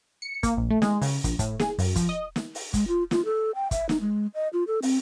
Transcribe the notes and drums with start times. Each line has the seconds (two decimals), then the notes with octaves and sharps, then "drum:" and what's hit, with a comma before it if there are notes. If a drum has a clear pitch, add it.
0.22 C#7
0.43 A#3, drum: kick, hi-hat
0.57 A#1
0.70 A3
0.82 G#3, drum: snare
1.02 C#3, drum: open hi-hat
1.24 A#1, drum: kick, hi-hat
1.39 A2, drum: kick, hi-hat
1.60 G#4, drum: snare
1.79 F#2, drum: open hi-hat
1.96 F3, drum: kick, hi-hat
2.09 D#5
2.36 drum: snare
2.55 drum: open hi-hat
2.73 G#3, drum: kick, hi-hat
2.88 F4
3.11 F4, drum: snare
3.25 A4
3.55 G5
3.71 E5, drum: kick, hi-hat
3.89 D#4, drum: snare
4.01 G#3
4.34 D#5
4.53 F4
4.67 A4
4.82 C4, drum: open hi-hat